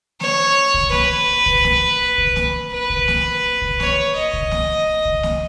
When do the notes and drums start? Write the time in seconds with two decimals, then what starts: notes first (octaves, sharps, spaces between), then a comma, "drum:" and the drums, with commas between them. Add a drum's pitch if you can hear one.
0.20 C#5, drum: snare A#3
0.74 drum: kick C2
0.92 B4, drum: snare A#3
1.46 drum: kick C2
1.64 drum: snare A#3
2.18 drum: kick C2
2.36 drum: snare A#3
2.72 B4
2.90 drum: kick C2
3.08 drum: snare A#3
3.62 drum: kick C2
3.80 C#5, drum: snare A#3
4.15 D#5
4.33 drum: kick C2
4.51 drum: snare A#3
5.05 drum: kick C2
5.23 drum: snare A#3